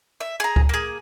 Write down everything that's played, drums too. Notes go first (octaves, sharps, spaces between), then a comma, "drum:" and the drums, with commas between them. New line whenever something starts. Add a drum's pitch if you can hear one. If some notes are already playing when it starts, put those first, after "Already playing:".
E5
G#4 A#5
drum: kick
A#3 G#4